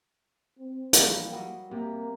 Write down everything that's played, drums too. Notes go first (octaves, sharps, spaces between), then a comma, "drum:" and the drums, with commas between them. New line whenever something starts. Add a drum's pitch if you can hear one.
C4
E3 F3 G3 A#3, drum: hi-hat
F#3 G3 D#5
C3 A#3 G4